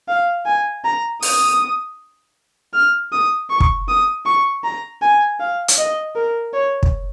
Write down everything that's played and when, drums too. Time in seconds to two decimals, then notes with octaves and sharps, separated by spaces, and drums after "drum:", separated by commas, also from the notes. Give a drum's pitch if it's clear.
0.08 F5
0.46 G#5
0.85 A#5
1.23 D#6, drum: open hi-hat
2.74 F6
3.12 D#6
3.50 C#6
3.60 drum: kick
3.88 D#6
4.26 C#6
4.64 A#5
5.02 G#5
5.40 F5
5.68 drum: hi-hat
5.78 D#5
6.16 A#4
6.53 C#5
6.83 drum: kick